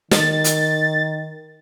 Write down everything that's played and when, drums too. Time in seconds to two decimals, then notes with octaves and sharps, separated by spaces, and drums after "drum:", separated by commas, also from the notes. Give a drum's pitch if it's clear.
0.11 D#3 A6, drum: snare
0.44 drum: hi-hat